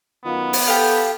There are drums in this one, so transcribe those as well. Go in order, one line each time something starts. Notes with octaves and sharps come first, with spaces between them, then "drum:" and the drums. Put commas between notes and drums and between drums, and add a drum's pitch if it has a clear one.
F#2 D#3 B3 F4
drum: open hi-hat
G4 A4 F5